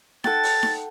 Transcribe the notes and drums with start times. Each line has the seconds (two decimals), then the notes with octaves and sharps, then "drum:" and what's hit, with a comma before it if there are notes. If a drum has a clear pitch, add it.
0.24 A4 F#5 G5 A6, drum: snare D#4
0.43 drum: open hi-hat
0.63 drum: snare D#4